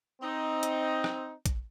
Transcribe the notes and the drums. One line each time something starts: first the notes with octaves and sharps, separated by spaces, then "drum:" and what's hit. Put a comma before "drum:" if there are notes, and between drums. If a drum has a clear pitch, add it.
C4 D#4
drum: hi-hat
drum: rim click
drum: kick, hi-hat